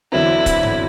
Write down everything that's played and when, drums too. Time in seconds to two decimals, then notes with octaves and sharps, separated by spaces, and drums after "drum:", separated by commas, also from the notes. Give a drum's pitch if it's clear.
0.12 E2 D3 F#3 C4 E4
0.46 drum: kick, hi-hat
0.63 drum: tom G2